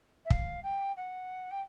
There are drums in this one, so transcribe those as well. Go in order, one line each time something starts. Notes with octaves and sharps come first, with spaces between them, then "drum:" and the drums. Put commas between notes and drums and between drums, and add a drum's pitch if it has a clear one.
E5
F5, drum: kick
G5
F#5
G5